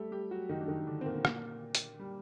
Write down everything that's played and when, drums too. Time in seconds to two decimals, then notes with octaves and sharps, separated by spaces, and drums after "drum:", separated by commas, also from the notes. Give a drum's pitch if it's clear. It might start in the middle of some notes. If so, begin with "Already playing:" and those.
Already playing: G3 A3 G4 A4
0.12 G3 G4
0.31 F#3 F#4
0.49 D#3 D#4
0.60 D4
0.68 D#3 D#4
0.87 D3 D4
1.01 C4
1.06 A#2 A#3
1.17 C4
1.25 A#2 A#3, drum: rim click
1.75 drum: hi-hat
1.99 G3